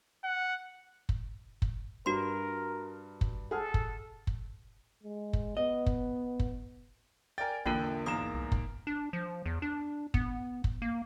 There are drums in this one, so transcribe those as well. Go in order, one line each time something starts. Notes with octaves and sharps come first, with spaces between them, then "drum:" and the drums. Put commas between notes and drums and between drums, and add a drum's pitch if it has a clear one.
F#5
drum: kick
drum: kick
G2 F#4 A#4 C6
drum: kick
G#4 A4 F#5 F6
drum: kick
drum: kick
G#3
drum: kick
B3 D#5
drum: kick
drum: kick
A#4 D5 G5 G#5 A6
A#1 E2 D3 A#3 F4 A#4 G5
E2 G#2 A#3 A#5 D#6 E7
C2
C#2, drum: kick
D4
F3
E2
D4
B3, drum: kick
drum: kick
A#3